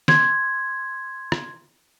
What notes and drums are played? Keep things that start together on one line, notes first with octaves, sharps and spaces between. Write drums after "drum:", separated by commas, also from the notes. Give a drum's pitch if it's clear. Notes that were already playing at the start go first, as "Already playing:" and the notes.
C6 G#6, drum: snare
drum: rim click